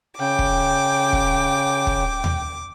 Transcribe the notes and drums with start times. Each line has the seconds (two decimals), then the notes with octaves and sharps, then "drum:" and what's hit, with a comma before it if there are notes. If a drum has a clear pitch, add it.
0.20 C#3 G5 D6
0.39 drum: kick
1.13 drum: kick
1.87 drum: kick
2.24 drum: tom D#2